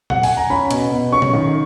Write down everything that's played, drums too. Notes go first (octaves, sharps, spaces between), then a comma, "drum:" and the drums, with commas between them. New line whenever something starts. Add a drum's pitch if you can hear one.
F#5, drum: tom A#2
G#5, drum: open hi-hat
A#5
C#4 B5
B2, drum: hi-hat
B2
C#4 C#6
drum: tom A#2
D#3